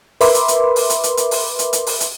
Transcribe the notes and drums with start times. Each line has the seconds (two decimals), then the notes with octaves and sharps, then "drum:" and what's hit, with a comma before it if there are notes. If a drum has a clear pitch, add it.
0.21 A#4 B4 E5 B5 C6 D6, drum: open hi-hat
0.34 drum: hi-hat
0.48 drum: hi-hat
0.76 drum: open hi-hat
0.90 drum: hi-hat
1.04 drum: hi-hat
1.17 drum: hi-hat
1.31 drum: open hi-hat
1.59 drum: hi-hat
1.73 drum: hi-hat
1.86 drum: open hi-hat
2.00 drum: hi-hat